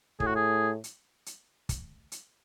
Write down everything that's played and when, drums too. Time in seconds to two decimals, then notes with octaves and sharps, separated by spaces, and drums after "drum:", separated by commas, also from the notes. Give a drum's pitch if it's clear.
0.20 A2 G#4, drum: kick
0.27 F#4
0.36 G#4
0.84 drum: hi-hat
1.26 drum: hi-hat
1.69 drum: kick, hi-hat
2.12 drum: hi-hat